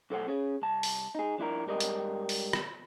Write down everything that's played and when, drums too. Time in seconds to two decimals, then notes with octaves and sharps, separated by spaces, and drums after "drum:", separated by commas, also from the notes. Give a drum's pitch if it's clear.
0.10 B1 A4 C5 F#5
0.28 C#4 G#4
0.62 C2 A5
0.83 drum: open hi-hat
1.15 D#4 G#4
1.38 F3 D4 E4 A#4
1.66 G#2 G3 A#4 D#5
1.80 drum: hi-hat
2.29 drum: open hi-hat
2.53 drum: rim click